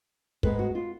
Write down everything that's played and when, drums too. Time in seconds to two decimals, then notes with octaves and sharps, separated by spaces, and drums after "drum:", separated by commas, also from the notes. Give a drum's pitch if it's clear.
0.43 G#2 G#3 B3 B4, drum: kick
0.59 F#4
0.75 F4